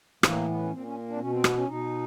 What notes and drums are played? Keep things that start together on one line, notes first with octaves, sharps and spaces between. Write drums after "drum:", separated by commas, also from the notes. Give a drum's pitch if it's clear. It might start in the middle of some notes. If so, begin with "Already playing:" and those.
A2 E3 A#3, drum: rim click
B3
C#4
A#2 C4
C#4
D4
C4
B2 C#4
C4
B3, drum: rim click
C#4
B2 D#4